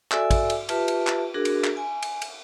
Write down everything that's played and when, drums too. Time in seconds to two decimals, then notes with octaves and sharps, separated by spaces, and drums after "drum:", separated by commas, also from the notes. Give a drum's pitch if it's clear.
0.11 F#4 A4 D5 E5 G#5 E6, drum: clap
0.31 drum: kick, cymbal
0.50 drum: cymbal
0.69 F4 G4 B4 E5 A5, drum: cymbal
0.88 drum: cymbal
1.07 drum: clap
1.34 D4 F#4 G#4 A#4
1.45 drum: cymbal
1.64 drum: clap
1.77 G#5
2.02 drum: cymbal
2.22 drum: cymbal